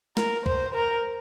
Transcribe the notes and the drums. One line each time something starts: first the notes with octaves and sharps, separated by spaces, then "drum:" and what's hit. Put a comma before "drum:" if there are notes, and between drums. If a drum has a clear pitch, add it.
A#4, drum: snare
C5, drum: kick C#2
A#4